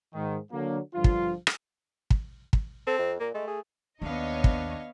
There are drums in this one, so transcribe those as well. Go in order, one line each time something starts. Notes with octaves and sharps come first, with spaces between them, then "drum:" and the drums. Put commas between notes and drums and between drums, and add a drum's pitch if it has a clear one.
G#2 D#3
D3 F#3 A#3
G2 D3 F3 F4
drum: kick
drum: rim click
drum: kick
drum: kick
C4 A4
F2
A#2 A#3
G#3 A3
G#4
D#2 B3 D4 C#5 D#5 F5
drum: kick